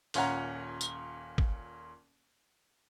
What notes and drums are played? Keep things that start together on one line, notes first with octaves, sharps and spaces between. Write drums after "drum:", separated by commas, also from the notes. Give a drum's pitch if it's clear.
D#1 A#2 C#4 C#5 F#5 A#5, drum: open hi-hat
drum: tambourine
drum: kick G#1